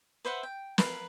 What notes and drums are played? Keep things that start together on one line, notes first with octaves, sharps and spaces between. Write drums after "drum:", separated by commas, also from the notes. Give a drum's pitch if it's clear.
B4 C5 E5 F#5
G5
A#4 B4 F5, drum: snare